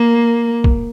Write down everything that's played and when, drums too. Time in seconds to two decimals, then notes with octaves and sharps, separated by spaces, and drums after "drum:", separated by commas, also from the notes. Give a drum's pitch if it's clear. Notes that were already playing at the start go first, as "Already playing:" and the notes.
Already playing: A#3
0.64 drum: kick